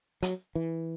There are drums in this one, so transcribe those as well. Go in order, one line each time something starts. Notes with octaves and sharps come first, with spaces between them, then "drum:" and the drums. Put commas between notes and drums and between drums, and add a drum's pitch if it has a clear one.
F#3, drum: hi-hat
E3